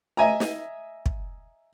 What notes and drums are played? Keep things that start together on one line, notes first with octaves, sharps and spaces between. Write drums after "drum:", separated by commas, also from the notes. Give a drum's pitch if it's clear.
D#5 E5 G#5 A#5
drum: snare
drum: kick